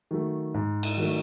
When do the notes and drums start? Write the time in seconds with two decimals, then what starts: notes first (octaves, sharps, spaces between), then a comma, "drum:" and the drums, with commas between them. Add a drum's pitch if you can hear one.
0.11 D#3 F#3 A3
0.54 G#2
0.83 drum: cymbal
0.97 D#3 F#3 A3